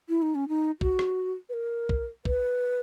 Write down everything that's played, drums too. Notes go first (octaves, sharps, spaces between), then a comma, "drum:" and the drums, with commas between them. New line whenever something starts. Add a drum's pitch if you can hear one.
E4
D#4
C#4
D#4
F#4, drum: kick
drum: rim click
B4
A#4
drum: kick
B4, drum: kick